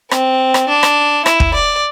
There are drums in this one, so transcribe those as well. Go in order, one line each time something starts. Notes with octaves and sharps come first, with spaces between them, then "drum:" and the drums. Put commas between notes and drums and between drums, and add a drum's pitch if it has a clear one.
C4, drum: rim click
drum: rim click
D4
drum: rim click
E4, drum: rim click
drum: kick
D5